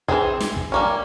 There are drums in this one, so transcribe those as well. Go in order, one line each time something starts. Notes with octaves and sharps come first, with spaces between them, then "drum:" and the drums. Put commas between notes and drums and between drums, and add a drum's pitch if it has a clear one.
E3 G3 C4 G#4, drum: kick
drum: snare
drum: kick
G3 A#3 C#4